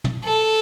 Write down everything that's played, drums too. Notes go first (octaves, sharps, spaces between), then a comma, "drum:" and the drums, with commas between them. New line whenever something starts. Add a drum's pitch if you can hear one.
drum: tom
A4